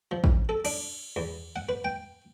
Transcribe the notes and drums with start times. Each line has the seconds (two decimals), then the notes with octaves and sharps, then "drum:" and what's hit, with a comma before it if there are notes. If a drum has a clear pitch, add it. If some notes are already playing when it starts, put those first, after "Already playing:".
0.11 F3
0.24 drum: kick
0.49 A4
0.65 D4, drum: cymbal
1.16 E2
1.56 F#5
1.69 B4
1.84 G5